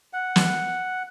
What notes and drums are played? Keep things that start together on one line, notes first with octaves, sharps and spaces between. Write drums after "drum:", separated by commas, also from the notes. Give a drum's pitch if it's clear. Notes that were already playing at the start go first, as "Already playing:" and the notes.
F#5
drum: snare